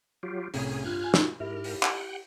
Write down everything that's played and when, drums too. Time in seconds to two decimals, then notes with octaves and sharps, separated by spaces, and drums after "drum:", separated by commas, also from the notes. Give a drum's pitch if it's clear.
0.23 F#3 F4 G4
0.54 C2 A2 C#4 G#4, drum: open hi-hat
0.84 G2 F4 F6 F#6 G#6
1.04 G#5
1.14 drum: snare
1.40 G#2 E4 G4 A#4
1.64 drum: open hi-hat
1.83 F#5 G5, drum: clap